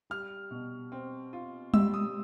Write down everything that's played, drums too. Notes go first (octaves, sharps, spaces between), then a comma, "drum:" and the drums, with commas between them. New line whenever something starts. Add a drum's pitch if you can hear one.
G3 F6
B2
C4
F4
G3 E6, drum: tom G3
D#6